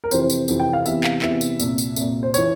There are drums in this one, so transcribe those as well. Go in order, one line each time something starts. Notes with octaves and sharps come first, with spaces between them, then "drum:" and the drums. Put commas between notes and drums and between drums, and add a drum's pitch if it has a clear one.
A#4
F2 C3 E3 C5, drum: tambourine
drum: tambourine
F2 C3 E3, drum: tambourine
G5
F5
E2 C3 E3 E5, drum: tambourine
F5, drum: clap
E2 C3 E3 E5, drum: clap
drum: tambourine
C2 A#2, drum: tambourine
drum: tambourine
C2 A#2, drum: tambourine
C5
E3 C#5, drum: tambourine